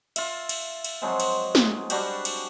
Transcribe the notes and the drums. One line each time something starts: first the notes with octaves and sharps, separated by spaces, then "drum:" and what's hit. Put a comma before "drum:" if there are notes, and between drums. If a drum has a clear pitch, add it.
F4 E5, drum: cymbal
drum: cymbal
drum: cymbal
F3 F#3 G#3 C4
drum: cymbal
drum: snare
G3 D4 F#4 G4, drum: cymbal
drum: cymbal